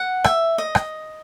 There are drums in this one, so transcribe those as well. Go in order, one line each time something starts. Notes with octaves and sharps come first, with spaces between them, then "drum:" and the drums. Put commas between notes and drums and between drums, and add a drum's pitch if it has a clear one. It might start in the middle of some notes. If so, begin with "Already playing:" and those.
Already playing: F#5
E5, drum: rim click
D#5
drum: rim click